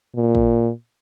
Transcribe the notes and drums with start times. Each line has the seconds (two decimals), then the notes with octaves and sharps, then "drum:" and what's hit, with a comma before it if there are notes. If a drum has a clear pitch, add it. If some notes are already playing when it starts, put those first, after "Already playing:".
0.15 A#2
0.35 drum: kick